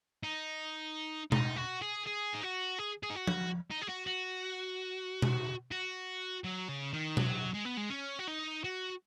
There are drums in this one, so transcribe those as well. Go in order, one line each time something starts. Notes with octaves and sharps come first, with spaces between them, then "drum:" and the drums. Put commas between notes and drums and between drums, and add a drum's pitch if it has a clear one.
D#4
D#4, drum: tom B2
F#4
G#4
G#4
D#4
F#4
G#4
G#4
D#4
F#4
drum: tom F3
D#4
G#4
F#4
F#4
drum: tom B2
F#4
F#3
C#3
D#3
F#3, drum: tom B2
G#3
B3
G#3
C#4
F#4
D#4
F#4